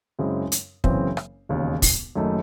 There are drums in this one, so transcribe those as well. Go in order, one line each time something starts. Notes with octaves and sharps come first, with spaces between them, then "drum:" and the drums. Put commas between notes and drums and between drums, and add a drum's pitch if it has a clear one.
F#2 C#3 G#3 C4 E4
drum: hi-hat
F#1 F#2 C#3 E3 C4, drum: kick
drum: rim click
E1 D#2 C#3
drum: kick, open hi-hat
F#1 F#2 D#3 A3 D#4